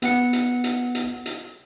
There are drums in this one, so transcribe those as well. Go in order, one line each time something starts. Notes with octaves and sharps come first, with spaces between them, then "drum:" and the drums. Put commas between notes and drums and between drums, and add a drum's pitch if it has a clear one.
B3 F#5 C#7, drum: hi-hat
drum: hi-hat
drum: hi-hat
drum: hi-hat
drum: hi-hat